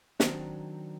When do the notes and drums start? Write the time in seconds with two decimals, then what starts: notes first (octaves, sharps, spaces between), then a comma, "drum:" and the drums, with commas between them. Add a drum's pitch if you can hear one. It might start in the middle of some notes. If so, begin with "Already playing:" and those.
0.20 D#3 F#3 C4 D4, drum: snare